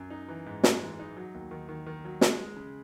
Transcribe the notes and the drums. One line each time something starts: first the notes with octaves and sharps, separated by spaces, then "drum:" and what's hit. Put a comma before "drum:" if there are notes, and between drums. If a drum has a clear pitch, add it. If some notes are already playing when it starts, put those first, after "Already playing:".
Already playing: F#2
D#4
E3
G#2
G#3, drum: snare
E3
D#4
F#3
D#2
D#3
D#3
D#3
F#3
G#3, drum: snare
G#3
C#3